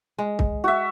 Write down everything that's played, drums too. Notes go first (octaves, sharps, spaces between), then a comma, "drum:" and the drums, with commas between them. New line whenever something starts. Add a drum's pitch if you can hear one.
G#3
drum: kick
F#4 E5